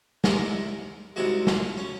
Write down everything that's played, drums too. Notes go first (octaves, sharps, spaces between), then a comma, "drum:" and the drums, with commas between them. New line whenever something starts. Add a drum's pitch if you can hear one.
C2 C3 D#3 G#3 A#4, drum: snare
C2 C3 D#3 G#3 F#4
F4, drum: snare
C#4